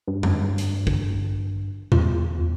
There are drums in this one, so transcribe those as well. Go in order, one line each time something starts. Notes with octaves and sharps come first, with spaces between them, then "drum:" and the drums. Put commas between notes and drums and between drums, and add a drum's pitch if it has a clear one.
G2
drum: tom F2
drum: hi-hat
drum: kick
E2 F4, drum: tom A#2